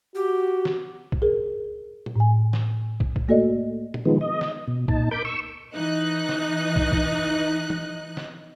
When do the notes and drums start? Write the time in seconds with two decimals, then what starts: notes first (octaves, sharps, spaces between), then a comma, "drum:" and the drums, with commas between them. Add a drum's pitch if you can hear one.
0.15 F#4 G4
0.65 drum: snare
1.12 drum: kick
1.22 G#4 A#4
2.06 drum: tom A#2
2.16 A2 G#5
2.53 drum: snare
3.00 drum: kick
3.16 drum: kick
3.28 A3 A#3 F#4 A4 D5 D#5
3.94 drum: tom A#2
4.05 D#3 F3 G#3 B3
4.21 D#5
4.41 drum: snare
4.68 B2
4.88 A#2 D#4 A5, drum: kick
5.11 A#4 B5 D6 G6
5.25 C#6 E6
5.75 E3 D#4 D#5 F#6
6.29 drum: snare
6.76 drum: kick
6.92 drum: kick
7.70 drum: tom E3
8.17 drum: snare